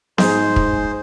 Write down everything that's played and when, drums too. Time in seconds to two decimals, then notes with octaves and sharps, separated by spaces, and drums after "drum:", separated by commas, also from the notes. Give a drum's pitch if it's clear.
0.18 G#2 D#4 G#4 C5 C6, drum: snare B3
0.56 drum: kick